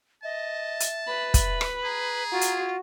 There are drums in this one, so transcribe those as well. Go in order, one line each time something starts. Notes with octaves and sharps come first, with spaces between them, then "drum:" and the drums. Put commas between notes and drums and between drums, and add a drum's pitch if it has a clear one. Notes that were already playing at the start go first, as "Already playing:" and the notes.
D#5 E5 A5
drum: hi-hat
B4 B5
drum: kick, hi-hat
drum: rim click
G#4 A#5
F4 F#4
drum: hi-hat